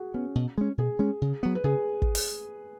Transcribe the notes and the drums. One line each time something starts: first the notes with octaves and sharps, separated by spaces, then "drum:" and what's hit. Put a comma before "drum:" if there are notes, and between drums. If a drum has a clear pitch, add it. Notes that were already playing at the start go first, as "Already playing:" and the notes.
Already playing: F#4 G#4
B3 C#4
B2
G#3 C#4
B2 G#4
G#3 C#4
C#3
F#3 B3
B4
C#3 G#4
drum: kick
drum: open hi-hat